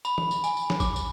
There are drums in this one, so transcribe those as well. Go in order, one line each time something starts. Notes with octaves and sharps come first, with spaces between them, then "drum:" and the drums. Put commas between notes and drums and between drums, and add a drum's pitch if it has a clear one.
B5, drum: tambourine
drum: tom
drum: tambourine
G#5, drum: tambourine
drum: tambourine
drum: snare
D6, drum: kick A1, tambourine
drum: tambourine